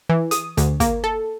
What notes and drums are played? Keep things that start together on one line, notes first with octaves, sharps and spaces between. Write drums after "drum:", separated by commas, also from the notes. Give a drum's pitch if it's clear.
E3
D#6, drum: hi-hat
D2, drum: hi-hat
A#3, drum: kick, hi-hat
A4